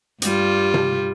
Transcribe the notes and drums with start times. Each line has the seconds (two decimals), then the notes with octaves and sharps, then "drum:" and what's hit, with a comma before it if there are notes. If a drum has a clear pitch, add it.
0.22 G2 G3 F4, drum: hi-hat
0.74 drum: tom C3